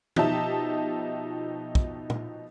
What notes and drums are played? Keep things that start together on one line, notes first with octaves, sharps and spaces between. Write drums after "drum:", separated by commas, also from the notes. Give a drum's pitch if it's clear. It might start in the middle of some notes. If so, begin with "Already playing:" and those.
B2 F3 D#4 G4 E5 A5, drum: tom
drum: kick
drum: tom